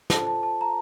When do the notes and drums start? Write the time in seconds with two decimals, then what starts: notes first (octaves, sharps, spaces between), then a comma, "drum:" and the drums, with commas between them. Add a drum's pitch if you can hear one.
0.10 F4 A4 C5 A5, drum: snare
0.27 A5
0.43 A5
0.61 A#5